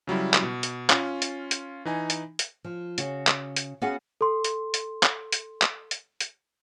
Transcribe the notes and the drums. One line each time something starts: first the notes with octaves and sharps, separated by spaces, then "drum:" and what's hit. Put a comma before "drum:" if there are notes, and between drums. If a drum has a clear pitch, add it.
C#3 F#3 G3 E4
drum: clap
B2
drum: hi-hat
C#4 F4, drum: clap
drum: hi-hat
drum: hi-hat
E3 D#4 G#5
drum: hi-hat
drum: hi-hat
F3
C#3 F#4, drum: hi-hat
drum: clap
drum: hi-hat
B3 C#4 F#4 G#4 F5 F#5
A4 C6
drum: hi-hat
drum: hi-hat
drum: clap
drum: hi-hat
drum: clap
drum: hi-hat
drum: hi-hat